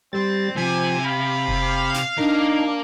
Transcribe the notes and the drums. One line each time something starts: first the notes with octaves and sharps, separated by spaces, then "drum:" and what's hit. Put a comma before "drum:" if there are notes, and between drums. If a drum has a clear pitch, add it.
G3 C4 A6
C3 F3 G#5
F5 B5
drum: kick F1
drum: snare
A#3 D4 D#4 A#4